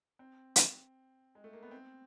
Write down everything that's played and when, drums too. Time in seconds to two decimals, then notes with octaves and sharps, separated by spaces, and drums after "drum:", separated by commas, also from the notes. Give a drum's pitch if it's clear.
0.19 C4
0.56 drum: hi-hat
1.35 G#3
1.44 A3
1.53 A#3
1.63 B3
1.71 C4